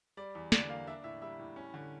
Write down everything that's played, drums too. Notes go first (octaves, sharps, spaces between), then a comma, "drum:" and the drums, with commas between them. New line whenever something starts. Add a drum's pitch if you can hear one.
G3 D5
E2
D3 D5, drum: snare
A#3 F5
D4 E5
A2 E5
G3 E5
A2
C#4
D3